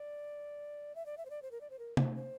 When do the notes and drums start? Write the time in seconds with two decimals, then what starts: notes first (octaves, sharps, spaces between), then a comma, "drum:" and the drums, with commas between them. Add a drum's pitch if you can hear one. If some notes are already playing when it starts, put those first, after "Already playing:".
Already playing: D5
0.95 E5
1.06 D5
1.17 E5
1.25 C5
1.30 D5
1.42 C5
1.51 A#4
1.61 D5
1.70 C5
1.79 A#4
1.97 C5, drum: tom
2.16 C5